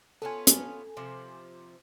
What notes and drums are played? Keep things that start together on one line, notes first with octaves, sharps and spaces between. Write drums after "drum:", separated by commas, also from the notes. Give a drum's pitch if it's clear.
B3 C#4 F4 A4 G#5
drum: hi-hat
C3 F3